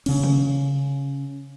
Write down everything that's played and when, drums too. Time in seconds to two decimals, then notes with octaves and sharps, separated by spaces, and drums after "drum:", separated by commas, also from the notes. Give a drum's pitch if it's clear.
0.06 C#3 C#4, drum: cymbal
0.23 drum: tom